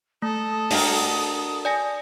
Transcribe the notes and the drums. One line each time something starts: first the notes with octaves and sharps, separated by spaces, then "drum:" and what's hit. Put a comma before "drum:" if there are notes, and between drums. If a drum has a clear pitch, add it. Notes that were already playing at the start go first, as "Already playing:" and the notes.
A3 A4 D#6
D4 F#4 A#4, drum: open hi-hat
D5 G#5 A#6